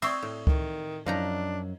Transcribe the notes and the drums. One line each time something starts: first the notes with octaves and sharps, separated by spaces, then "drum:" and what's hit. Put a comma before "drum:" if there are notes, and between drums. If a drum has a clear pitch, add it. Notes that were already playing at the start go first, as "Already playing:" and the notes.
C4 C5 D5 E5 C#6 D#6, drum: cymbal
A2
D#3, drum: kick C#2
F#2 F3 D4 D#4 A#5